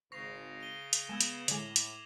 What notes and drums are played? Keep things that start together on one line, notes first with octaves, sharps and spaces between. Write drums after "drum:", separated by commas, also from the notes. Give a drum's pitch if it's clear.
G#1 C#3 C5 C#6 A#6 C7 F7
D#7 G7
drum: hi-hat
G#3 B3 E6 G#6 E7
drum: hi-hat
A2 D3 G#3 D6 F7, drum: hi-hat
drum: hi-hat